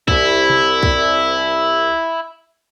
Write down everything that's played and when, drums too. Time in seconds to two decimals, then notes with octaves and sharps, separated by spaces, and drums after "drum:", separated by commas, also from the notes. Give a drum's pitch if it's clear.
0.08 C2 E4, drum: kick
0.50 drum: tom C3
0.83 drum: kick